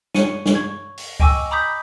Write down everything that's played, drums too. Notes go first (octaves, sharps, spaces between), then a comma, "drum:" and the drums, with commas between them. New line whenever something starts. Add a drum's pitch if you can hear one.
C#5 C#6 C#7 D#7, drum: snare
drum: snare
C#6 G#6
drum: open hi-hat
D#5 G5 G#5 C#6 D6 E6, drum: kick C#2
A#5 B5 D6 D#6 G6 B6